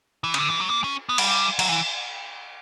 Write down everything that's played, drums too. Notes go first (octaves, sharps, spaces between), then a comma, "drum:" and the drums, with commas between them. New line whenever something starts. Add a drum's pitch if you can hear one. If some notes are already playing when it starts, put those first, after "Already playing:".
E3
C#3, drum: cymbal
D3
E3
F#3
A#3
C#4
B3
G3, drum: cymbal
F#3, drum: cymbal
E3